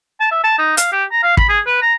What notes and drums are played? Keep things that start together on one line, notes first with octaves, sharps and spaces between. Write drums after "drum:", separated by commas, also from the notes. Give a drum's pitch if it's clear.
A5
E5
A5
D#4
F5, drum: hi-hat
G4
A#5
F5
B5, drum: kick
G#4
B4
A#5